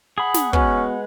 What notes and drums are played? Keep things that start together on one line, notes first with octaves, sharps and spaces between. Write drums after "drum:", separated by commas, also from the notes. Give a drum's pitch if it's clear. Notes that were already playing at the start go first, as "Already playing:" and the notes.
G#4 F#5 B5
drum: snare
G#3 B3 C#4 F#4 B4, drum: kick